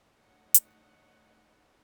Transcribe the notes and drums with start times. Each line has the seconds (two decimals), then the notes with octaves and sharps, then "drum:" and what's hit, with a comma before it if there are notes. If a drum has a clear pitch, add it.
0.15 A3 D4 D#4 C#5 D#5 F#5
0.54 drum: hi-hat